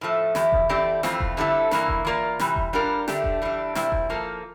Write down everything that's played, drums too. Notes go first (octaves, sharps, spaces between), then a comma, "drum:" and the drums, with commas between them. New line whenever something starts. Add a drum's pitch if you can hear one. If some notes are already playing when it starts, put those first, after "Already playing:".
A2 F3 A3
E2 E3 G4, drum: snare
drum: kick E1
E3 A3 C4 G4 D5
F2 E3 A3 C4 F4, drum: snare
drum: kick E1
D3 G3 C4 E4 A4
G2 E3 A#3 E4, drum: snare
drum: kick E1
E3 A#3 F4 A#4 D5
C3 E3 G3, drum: snare
drum: kick E1
G3 D4 F4 A#4
D3 A3 D4 G4, drum: snare
drum: kick E1
E3 G3 D4
A#2 G3 C4 E4, drum: snare
drum: kick E1
F3 A#3 F4 A4